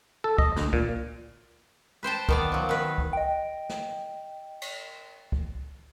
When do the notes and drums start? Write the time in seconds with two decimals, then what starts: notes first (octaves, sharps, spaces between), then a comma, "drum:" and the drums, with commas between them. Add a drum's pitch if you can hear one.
0.24 A4
0.38 D#5, drum: kick
0.57 D2, drum: snare
0.73 A#2, drum: kick
2.03 B4 C5 G5 A5
2.29 D#3 B3 D5, drum: kick
2.52 F3 F#3
2.69 D#3 B4
2.98 drum: kick
3.13 D#5 G5
3.69 drum: snare
4.61 drum: cymbal
5.32 drum: kick